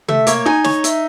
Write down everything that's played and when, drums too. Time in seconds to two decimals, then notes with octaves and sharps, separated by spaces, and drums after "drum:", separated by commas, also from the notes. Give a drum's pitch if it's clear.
0.08 A3 E5, drum: tom C3
0.27 A#3 C#5, drum: hi-hat
0.46 D#4 G#5
0.64 C#5, drum: snare
0.84 E5, drum: hi-hat